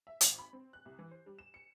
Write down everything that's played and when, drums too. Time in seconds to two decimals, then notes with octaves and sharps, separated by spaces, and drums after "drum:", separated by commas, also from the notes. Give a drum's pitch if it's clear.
0.07 E5
0.21 G#1, drum: hi-hat
0.39 B5
0.53 C4
0.73 F#6
0.85 C2
0.99 E3
1.11 C5
1.26 G3
1.39 E7
1.54 C#7